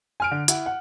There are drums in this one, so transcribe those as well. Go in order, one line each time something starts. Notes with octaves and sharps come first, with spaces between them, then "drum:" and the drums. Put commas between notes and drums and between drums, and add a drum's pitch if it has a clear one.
G#5 F6 D7
D3
E4 F#5, drum: hi-hat
F#5